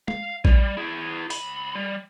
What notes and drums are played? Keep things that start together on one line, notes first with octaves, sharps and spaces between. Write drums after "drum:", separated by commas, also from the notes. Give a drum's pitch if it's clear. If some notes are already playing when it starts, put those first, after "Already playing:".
F5, drum: tom G#3
G3, drum: kick A#1
E4 G#4
C#2 B5, drum: open hi-hat
G3